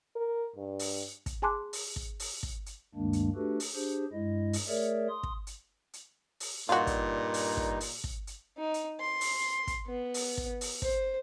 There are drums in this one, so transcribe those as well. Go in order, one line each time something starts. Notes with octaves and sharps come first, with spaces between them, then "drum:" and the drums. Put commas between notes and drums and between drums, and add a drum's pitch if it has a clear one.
A#4
G2
drum: open hi-hat
drum: kick, hi-hat
G#4 G#5 A5 C6 D6 F#6
drum: open hi-hat
drum: kick
drum: open hi-hat
drum: kick
drum: hi-hat
D2 G2 D#3 G#3 A#3 D4
drum: hi-hat
A3 D4 F#4 G4 A4 B4
drum: open hi-hat
D4 G4 G#4 C5
G2 G#3 E4 D#5
drum: open hi-hat
A3 G#4 A#4 C#5 D5 E5
C6 D#6
drum: kick
drum: hi-hat
drum: hi-hat
drum: open hi-hat
G2 A#2 D#4 F4 F#4
drum: kick, hi-hat
drum: open hi-hat
drum: kick
drum: open hi-hat
drum: kick
drum: hi-hat
D#4
drum: hi-hat
C6
drum: open hi-hat
drum: kick, hi-hat
B3
drum: open hi-hat
drum: kick
drum: open hi-hat
C5, drum: kick